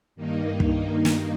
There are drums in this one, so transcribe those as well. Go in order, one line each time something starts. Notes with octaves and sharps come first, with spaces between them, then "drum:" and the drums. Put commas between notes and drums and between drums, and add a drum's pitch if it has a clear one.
G2 D#3 A#3 D#4
drum: kick
drum: snare